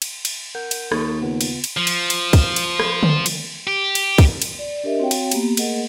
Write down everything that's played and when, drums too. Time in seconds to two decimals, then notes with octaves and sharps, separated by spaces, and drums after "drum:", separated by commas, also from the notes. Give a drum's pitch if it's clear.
0.02 drum: cymbal
0.25 drum: cymbal
0.55 A#4 F#5 G6
0.71 drum: cymbal
0.92 D#2 C#6 D#6 A6, drum: rim click
1.22 C#3 B3 F4
1.41 drum: cymbal
1.64 drum: cymbal
1.77 F3
1.87 drum: cymbal
2.10 drum: cymbal
2.33 drum: kick, cymbal
2.56 drum: cymbal
2.80 drum: rim click
3.03 drum: tom D3
3.26 drum: cymbal
3.67 G4
3.95 drum: cymbal
4.18 drum: kick, cymbal
4.42 drum: cymbal
4.59 D5
4.84 D4 G4 A#4 D#5 E5
5.00 C4 F#4 C#5 F5 G5
5.11 drum: cymbal
5.31 A#3 B3 G4, drum: cymbal
5.57 A3 A#3 G#4 A#4 D#5 F#5, drum: cymbal